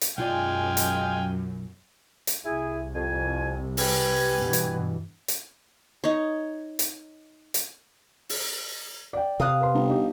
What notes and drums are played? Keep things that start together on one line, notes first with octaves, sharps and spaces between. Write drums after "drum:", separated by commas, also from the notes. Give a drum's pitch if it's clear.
drum: hi-hat
B1 F#2 G#3 F4 D5 F5 G5 G#5
drum: hi-hat
drum: hi-hat
C2 E4 G#4 G#5
F2 G#5
G4 B4 G#5, drum: open hi-hat
G2 B2 E3
drum: hi-hat
drum: hi-hat
D#4 C#5
drum: hi-hat
drum: hi-hat
drum: open hi-hat
D5 G5
C3 F5 D#6 F#6
B4 C6
G1
D#4 G4